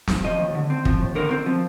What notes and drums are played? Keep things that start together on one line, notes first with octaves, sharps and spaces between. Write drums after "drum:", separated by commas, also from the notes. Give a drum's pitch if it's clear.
drum: snare
F3 D#5
D#2
D3
C4
F3, drum: kick
D#2
D3 A#4
C4
F3